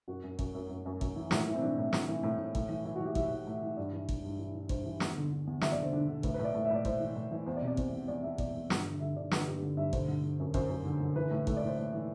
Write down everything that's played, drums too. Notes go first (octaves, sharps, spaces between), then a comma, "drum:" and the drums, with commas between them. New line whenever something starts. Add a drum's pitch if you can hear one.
F#2 F#4
F#2
F#2, drum: kick G#1
F#2
F#2
F#2
F#2, drum: kick G#1
E3
A2 E4, drum: snare
E3
C4
E3 D4
A2
A2, drum: snare
E3
A2
A2
A2, drum: kick G#1
E3
E3 E4
F#4
E3
G4
E3 E5, drum: kick G#1
E3
A2
E3
G2 D5
E3
G2, drum: kick G#1
G2
E3
E3
G2 C5, drum: kick G#1
E3
E2, drum: snare
D3
D3
E2
E2 E5, drum: snare
D5
D3
C5
D3 D4
D3
A2 B4, drum: kick G#1
B4
A2
D5
A2
E5
A2 D5
A2 C5, drum: kick G#1
E3
A2
E3
E2 C5
D5
C3
D5
E2 C5, drum: kick G#1
E2
E2 D5
E2 E5
E2 D5, drum: kick G#1
E2
G2, drum: snare
D3
D3 E5
D3 D5
D3 B4, drum: snare
G2 G4
D3
G2 E5
D3 C5, drum: kick G#1
D3
D3
F#2
F#2 C5, drum: kick G#1
F#2
D3
D3
E3 B4
A2
A2 A4, drum: kick G#1
D5
A2
C5
A2
E3